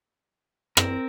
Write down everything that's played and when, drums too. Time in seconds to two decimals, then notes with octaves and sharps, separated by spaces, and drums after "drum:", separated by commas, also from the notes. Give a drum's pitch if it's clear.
0.77 C4 A#4, drum: rim click